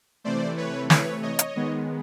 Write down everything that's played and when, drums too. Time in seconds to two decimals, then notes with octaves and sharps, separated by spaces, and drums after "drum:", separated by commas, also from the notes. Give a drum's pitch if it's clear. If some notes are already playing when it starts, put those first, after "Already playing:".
0.24 C3 E3 A3 C5 D5
0.57 B4 C#5
0.90 B4 C#5, drum: snare
1.23 C#5 D#5
1.39 drum: hi-hat
1.56 D#3 G#3 B3